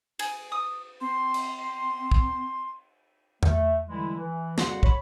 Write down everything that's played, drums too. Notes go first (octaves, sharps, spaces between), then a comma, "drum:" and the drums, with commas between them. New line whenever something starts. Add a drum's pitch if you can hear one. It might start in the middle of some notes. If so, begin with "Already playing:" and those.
G#4, drum: cymbal
D#6
C4 C6
drum: cymbal
drum: kick
A3, drum: tom E2
D3 E3 G3 G#3 E4
E3
C2 F2 C#3 F#4 F#5 C6, drum: snare
C#5 B5, drum: kick